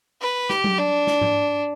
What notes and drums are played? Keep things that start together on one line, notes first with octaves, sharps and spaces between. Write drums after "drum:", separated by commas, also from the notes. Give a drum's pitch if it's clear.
B4
G4, drum: snare
drum: tom F#3
D4
drum: snare
drum: tom G#2